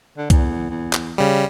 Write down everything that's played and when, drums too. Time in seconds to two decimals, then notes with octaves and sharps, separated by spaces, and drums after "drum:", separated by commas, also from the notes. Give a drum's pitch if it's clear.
0.18 D3
0.30 E2, drum: kick C2, hi-hat
0.70 E2
0.93 drum: clap
1.18 C#3 G3